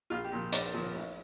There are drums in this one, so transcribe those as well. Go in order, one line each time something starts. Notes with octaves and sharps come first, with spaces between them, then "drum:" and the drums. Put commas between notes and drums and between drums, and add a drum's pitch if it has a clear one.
A#1 F4
G4
A#2 F3
A#1 D5, drum: hi-hat
A#2 F3
A1